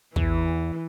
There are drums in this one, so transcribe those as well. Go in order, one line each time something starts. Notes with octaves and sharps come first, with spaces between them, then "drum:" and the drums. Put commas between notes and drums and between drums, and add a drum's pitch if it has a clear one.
E2 E3, drum: kick